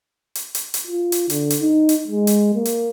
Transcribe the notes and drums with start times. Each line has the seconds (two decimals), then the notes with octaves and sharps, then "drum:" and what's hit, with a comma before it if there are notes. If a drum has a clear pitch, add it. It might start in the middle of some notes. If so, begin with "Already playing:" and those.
0.35 drum: hi-hat
0.55 drum: hi-hat
0.74 drum: hi-hat
0.87 F4
1.12 drum: hi-hat
1.30 D3, drum: hi-hat
1.50 drum: hi-hat
1.61 D#4
1.89 drum: hi-hat
2.08 G#3
2.27 drum: hi-hat
2.55 A#3
2.65 drum: hi-hat